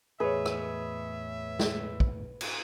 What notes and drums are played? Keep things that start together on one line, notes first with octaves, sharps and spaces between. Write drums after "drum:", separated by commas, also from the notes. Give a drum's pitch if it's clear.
E2 A2 G#4 B4 C#5 D#5 E5
drum: rim click
drum: snare
drum: kick
drum: cymbal